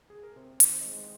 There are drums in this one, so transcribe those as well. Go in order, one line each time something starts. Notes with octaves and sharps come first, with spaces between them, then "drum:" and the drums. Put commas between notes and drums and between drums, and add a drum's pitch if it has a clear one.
G#4
A#4
C3 C5
D#3, drum: hi-hat
C5
D#5
G#3 C5